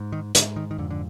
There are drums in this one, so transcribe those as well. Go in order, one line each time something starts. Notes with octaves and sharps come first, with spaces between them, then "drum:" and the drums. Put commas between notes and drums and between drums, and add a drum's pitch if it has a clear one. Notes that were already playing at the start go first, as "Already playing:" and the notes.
Already playing: G#2
D#3
G#2 D3, drum: hi-hat
D#3
D#3
F2 D3
D3